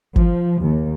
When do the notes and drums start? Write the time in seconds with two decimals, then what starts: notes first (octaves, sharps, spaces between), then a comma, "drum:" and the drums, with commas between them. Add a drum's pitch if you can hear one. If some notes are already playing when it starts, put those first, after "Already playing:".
0.16 F3, drum: kick G1
0.60 D#2